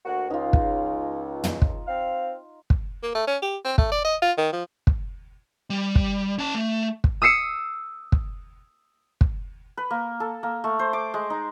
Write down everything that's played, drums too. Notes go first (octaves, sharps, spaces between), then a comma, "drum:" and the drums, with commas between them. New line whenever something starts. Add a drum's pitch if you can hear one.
D2 A#3 F#4
C#2 D#4 F4
drum: kick
drum: tom
drum: kick
C4 F5
drum: kick
A#3
A3
C#4
G4
C4
A3, drum: kick
D5
D#5
F4
D#3
F3
drum: kick
G3
drum: kick
C#4 A5
A3
drum: kick
D#6 E6 C7 C#7 E7
drum: kick
drum: kick
B4
A#3
A4
A#3
A3
C5
D6
G#3
D#4